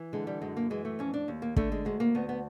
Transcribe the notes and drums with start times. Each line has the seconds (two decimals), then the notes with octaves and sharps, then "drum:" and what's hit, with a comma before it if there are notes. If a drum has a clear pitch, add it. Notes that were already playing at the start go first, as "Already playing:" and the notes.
Already playing: E3
0.13 D3 G#3
0.27 G3
0.42 F#2 G#3
0.57 A#3
0.70 E3 G#3
0.85 A3
0.99 F2 C#4
1.14 D4
1.28 D#2
1.42 A#3
1.56 D3 A3, drum: kick
1.72 G#3
1.85 D2 G#3
2.00 A#3
2.15 D2 B3
2.29 B3